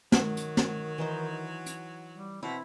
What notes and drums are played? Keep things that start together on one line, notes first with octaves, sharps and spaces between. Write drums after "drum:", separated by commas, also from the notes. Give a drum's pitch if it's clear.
D#3 F#3, drum: snare
drum: hi-hat
drum: snare
E3 D#4 C5
drum: hi-hat
G3
B2 C4 E4